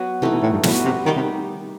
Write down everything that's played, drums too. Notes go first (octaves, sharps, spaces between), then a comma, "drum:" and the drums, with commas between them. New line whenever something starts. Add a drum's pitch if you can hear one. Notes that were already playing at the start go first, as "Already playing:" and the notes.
Already playing: F#3 B3 F#4 B4
C3 E3 A3 D#4
B2
A2
G2
A2 G3 B3 F#4 B4, drum: snare
C3
D#3 G3 D#4 G4
C3